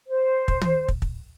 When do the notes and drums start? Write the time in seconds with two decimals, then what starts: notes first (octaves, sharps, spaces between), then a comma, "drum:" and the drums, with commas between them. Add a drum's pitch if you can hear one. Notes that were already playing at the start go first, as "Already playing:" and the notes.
0.08 C5
0.48 drum: kick
0.61 drum: tom
0.88 drum: kick
1.02 drum: kick